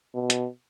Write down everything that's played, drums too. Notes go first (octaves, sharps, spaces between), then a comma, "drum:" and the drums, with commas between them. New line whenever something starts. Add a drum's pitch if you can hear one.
B2
drum: hi-hat